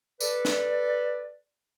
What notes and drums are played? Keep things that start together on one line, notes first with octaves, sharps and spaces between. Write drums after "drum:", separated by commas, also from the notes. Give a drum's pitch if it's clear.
A4 B4 D5, drum: tambourine
drum: snare